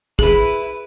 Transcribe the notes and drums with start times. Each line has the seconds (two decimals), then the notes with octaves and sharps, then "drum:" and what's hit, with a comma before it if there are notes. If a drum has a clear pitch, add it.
0.19 E4 G#4 B4, drum: kick